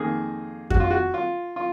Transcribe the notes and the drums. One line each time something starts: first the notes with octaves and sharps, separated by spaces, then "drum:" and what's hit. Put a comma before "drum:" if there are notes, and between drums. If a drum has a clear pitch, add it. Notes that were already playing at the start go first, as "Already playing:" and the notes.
Already playing: F2 D#3 A#3 G#4
F#4, drum: kick F2
F4
F#4
F4
F4